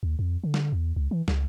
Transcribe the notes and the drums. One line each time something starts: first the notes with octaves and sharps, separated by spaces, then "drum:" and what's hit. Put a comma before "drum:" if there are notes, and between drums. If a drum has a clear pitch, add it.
D#2
F2
D3
drum: snare
E2
C#2
E3
C#2, drum: snare